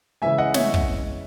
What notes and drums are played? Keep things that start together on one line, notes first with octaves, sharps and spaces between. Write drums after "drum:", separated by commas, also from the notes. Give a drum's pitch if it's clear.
C#3 E3 G#3 E5 G#5
D#5 F#5
C#5 E5, drum: snare
drum: kick